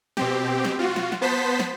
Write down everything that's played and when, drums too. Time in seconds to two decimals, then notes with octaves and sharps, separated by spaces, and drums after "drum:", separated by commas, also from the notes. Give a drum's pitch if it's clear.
0.17 B2 C4 G4, drum: snare
0.64 drum: snare
0.79 F4 F#4, drum: tom G#3
0.96 drum: snare
1.12 drum: snare
1.21 B3 C5 A5 B6
1.60 drum: snare